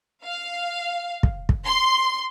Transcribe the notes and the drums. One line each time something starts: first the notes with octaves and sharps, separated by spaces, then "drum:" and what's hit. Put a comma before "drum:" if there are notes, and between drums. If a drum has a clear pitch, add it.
F5
drum: kick
drum: kick
C6